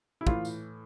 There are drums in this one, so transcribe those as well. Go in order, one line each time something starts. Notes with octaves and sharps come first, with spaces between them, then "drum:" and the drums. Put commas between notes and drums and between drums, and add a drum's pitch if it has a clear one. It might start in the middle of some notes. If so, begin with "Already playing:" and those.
E4
A2 E3 F4, drum: kick
drum: tambourine